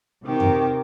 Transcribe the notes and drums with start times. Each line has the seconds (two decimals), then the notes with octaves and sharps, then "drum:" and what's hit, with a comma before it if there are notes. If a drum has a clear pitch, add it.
0.23 C3 D#3 G4 A#4
0.40 drum: tom F2